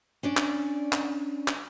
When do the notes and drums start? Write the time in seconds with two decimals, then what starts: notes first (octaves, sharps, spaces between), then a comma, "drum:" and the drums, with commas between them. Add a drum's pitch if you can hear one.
0.23 C#4 D4 D5
0.37 drum: clap
0.92 drum: clap
1.48 drum: clap